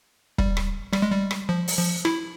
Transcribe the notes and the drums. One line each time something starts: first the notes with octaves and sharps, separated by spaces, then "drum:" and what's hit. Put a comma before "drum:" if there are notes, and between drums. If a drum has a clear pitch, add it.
G3, drum: kick
drum: rim click
G3, drum: rim click
G#3
G3
drum: rim click
F3
drum: open hi-hat
F3
E4, drum: rim click